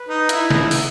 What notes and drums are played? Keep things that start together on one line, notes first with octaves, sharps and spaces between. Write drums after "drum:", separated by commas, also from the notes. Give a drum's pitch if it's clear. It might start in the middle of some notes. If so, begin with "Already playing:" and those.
Already playing: B4
D#4
D#4 E4, drum: hi-hat
drum: snare
drum: open hi-hat